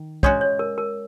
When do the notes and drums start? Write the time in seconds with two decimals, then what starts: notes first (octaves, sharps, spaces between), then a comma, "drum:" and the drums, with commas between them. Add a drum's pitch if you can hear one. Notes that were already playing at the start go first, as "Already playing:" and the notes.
Already playing: D#3
0.23 G#3 C#4 F#4 C#5, drum: kick
0.41 C#5
0.59 A#4
0.78 A#4